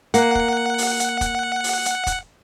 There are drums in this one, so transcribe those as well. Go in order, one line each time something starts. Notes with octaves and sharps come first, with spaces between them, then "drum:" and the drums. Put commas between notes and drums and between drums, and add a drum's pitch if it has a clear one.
A#3 F#5, drum: hi-hat
drum: kick
drum: open hi-hat
drum: hi-hat
drum: kick, hi-hat
drum: open hi-hat
drum: hi-hat
drum: kick, hi-hat